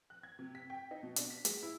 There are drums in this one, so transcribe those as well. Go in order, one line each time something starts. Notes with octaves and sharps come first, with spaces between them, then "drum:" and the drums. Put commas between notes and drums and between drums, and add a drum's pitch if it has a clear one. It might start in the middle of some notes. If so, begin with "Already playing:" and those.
F#6
G#6
C3
B6
G5
D#4
B2
D4, drum: hi-hat
B6
G#3, drum: hi-hat
E4